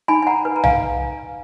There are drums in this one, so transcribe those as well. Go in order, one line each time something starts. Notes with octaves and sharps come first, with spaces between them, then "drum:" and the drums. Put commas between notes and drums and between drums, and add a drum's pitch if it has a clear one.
D#4 G#5 B5
G#5
F#5 A#5
B4
A#5
F5 G#5, drum: tom B1